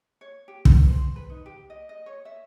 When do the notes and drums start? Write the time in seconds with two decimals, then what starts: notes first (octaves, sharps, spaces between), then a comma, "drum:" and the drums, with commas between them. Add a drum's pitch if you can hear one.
0.21 C#5
0.48 G4
0.65 B4, drum: kick
0.90 C5
1.16 B4
1.30 D#4
1.46 G4
1.70 D#5
1.89 D#5
2.06 C#5
2.25 E5